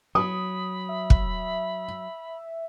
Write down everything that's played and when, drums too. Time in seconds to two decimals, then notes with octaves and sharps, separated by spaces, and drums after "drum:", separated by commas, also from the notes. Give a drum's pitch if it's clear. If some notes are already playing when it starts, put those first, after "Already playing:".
0.15 F#3 B5 D#6
0.89 E5
1.10 drum: kick